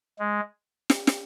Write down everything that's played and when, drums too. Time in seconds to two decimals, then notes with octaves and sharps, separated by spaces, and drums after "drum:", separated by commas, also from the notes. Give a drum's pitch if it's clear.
0.19 G#3
0.90 drum: snare
1.07 drum: snare